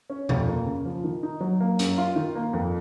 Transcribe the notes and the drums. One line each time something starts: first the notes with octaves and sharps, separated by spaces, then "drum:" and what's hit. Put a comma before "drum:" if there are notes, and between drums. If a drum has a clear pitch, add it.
C#4
F2, drum: tom B2
A#3
C#3
F3
D#3
D#4
F#3
A#3
F#2, drum: hi-hat
F4
D#3
A#3
F2